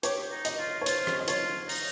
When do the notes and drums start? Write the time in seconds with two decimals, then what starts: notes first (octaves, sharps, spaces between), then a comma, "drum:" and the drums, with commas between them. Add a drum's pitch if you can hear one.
0.03 G4 C#5, drum: hi-hat
0.31 D#4
0.45 D#5, drum: hi-hat
0.59 F4
0.81 C#5
0.86 F4 C5, drum: hi-hat
1.07 drum: rim click
1.20 D#5
1.28 F4 C#5, drum: hi-hat
1.69 D#4, drum: open hi-hat